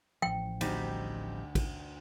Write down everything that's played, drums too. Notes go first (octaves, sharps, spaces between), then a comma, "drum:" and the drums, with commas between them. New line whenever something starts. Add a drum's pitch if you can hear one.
A1 F3 G5
D2 G3 C4 D4 D#4, drum: cymbal
drum: kick, cymbal